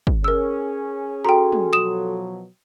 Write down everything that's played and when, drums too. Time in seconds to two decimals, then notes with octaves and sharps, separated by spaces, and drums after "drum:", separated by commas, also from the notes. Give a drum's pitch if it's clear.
0.07 drum: kick
0.24 C#4 G#4 A#4 E6
1.25 F#4 A4 G5 A#5 C6
1.52 drum: tom
1.73 B2 F3 F#3 D#6 E7